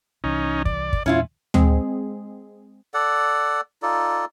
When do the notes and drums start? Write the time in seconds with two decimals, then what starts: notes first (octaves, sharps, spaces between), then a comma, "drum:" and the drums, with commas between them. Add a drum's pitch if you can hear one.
0.24 C2 E3 C#4 D#4
0.65 D5, drum: kick
0.93 drum: kick
1.06 E2 A#2 G#3 C#4 E4 F4
1.54 G#3 C4 G#4, drum: tom D2
2.94 A4 D5 F#5
3.82 D#4 F4 A4 D5